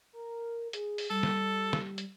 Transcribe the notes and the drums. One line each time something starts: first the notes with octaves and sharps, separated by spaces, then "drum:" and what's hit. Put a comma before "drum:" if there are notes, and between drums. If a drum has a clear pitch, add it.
A#4
G#4, drum: hi-hat
drum: open hi-hat
G3 A4
drum: snare
drum: snare
drum: hi-hat